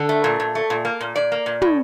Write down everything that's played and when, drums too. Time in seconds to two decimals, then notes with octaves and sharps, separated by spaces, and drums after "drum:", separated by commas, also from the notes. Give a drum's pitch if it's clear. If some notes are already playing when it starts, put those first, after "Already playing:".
Already playing: D3 A4
0.09 A3
0.24 A#2
0.40 A#2
0.55 A3
0.70 A#2
0.85 A#3
1.01 A#2
1.16 A#2 D5
1.32 A#3
1.46 A#2
1.62 A2, drum: tom